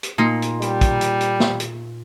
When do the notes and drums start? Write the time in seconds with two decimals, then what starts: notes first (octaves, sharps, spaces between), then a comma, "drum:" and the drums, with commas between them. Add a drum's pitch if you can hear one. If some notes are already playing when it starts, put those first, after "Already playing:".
0.03 drum: hi-hat
0.18 A#2 D#4 F4
0.42 drum: hi-hat
0.62 G3, drum: hi-hat
0.81 drum: kick, hi-hat
1.01 drum: hi-hat
1.21 drum: hi-hat
1.40 drum: snare
1.60 drum: hi-hat